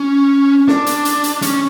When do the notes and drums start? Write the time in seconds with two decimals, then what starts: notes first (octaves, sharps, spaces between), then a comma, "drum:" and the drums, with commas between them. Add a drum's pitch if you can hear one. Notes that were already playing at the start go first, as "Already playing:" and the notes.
Already playing: C#4
0.68 D4, drum: snare
0.86 drum: hi-hat
1.05 drum: hi-hat
1.24 drum: hi-hat
1.42 C#4, drum: hi-hat